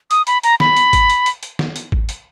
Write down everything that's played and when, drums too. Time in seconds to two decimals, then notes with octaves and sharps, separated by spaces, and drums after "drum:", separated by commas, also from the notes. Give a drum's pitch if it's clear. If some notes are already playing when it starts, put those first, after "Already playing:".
0.11 D#6, drum: hi-hat
0.27 B5, drum: hi-hat
0.43 A#5, drum: hi-hat
0.60 B5, drum: snare
0.77 drum: hi-hat
0.93 drum: kick G#1, hi-hat
1.10 drum: hi-hat
1.26 drum: hi-hat
1.43 drum: hi-hat
1.59 drum: snare
1.76 drum: hi-hat
1.92 drum: kick G#1
2.09 drum: hi-hat